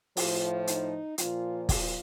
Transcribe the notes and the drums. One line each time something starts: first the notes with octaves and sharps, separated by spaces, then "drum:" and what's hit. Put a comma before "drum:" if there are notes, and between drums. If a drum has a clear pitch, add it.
A2 F3 F4, drum: open hi-hat
D#4, drum: hi-hat
A#2 F3 F4, drum: hi-hat
F4, drum: kick, open hi-hat